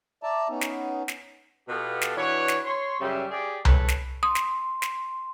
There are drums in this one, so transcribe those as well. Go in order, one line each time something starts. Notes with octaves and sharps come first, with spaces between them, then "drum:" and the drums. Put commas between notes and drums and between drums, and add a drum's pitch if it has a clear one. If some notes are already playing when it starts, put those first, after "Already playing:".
D5 E5 A5 A#5
B3 C#4 D#4
drum: snare
drum: snare
B2 B3 F4 G4 A4 A5
drum: snare
E3 D4 F#4 B4 C#5
drum: snare
C#5 C6
F#2 C#3 G3 G4 E5
G4 G#4 D5
A4 B4 C#5 A5, drum: tom C2
drum: snare
C6 D#6
drum: snare
drum: snare